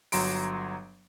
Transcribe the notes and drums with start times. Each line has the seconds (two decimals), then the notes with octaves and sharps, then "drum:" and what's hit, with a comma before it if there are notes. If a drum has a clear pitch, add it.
0.12 G1 F#3 A#5 C6 D7, drum: open hi-hat